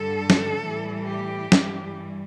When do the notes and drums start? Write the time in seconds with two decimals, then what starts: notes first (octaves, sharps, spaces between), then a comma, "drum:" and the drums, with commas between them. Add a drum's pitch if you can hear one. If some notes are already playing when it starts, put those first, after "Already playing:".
Already playing: G2 D3 G3 A4
0.30 drum: snare
0.60 A2 E3 G3
1.05 G4
1.52 G2 E3 G3, drum: snare